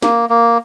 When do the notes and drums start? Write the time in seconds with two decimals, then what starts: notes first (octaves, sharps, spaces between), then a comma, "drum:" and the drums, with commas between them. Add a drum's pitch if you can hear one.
0.02 A#3, drum: snare
0.29 A#3